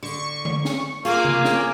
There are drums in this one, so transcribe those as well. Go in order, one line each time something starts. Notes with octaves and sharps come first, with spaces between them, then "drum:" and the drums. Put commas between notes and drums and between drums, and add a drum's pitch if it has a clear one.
D3 C#6
drum: tom D3
drum: snare
A#3 F4 G#4 G#5 D6, drum: hi-hat
drum: tom C3
drum: snare